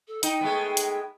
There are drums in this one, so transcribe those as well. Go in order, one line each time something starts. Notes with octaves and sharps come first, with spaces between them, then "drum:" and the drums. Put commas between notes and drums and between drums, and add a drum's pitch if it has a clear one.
A4
D#4 G5, drum: hi-hat
G#3 A3 B3
drum: hi-hat